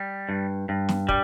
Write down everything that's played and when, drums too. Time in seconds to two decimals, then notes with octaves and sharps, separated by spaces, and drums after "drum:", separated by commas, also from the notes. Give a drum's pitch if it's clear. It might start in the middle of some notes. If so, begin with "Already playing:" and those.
Already playing: G3
0.29 G2
0.69 G2
0.89 drum: snare
1.09 G3, drum: kick